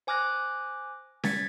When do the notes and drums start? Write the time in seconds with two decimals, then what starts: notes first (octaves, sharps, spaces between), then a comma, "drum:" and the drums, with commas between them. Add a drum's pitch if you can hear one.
0.07 C5 G#5 D6 F6 F#6 A#6
1.24 G#6 A6 B6 C#7, drum: snare C#4